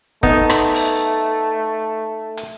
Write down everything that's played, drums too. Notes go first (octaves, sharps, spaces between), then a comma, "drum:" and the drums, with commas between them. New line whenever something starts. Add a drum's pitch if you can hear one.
A3 B3 D#4, drum: kick
drum: rim click
drum: open hi-hat
drum: hi-hat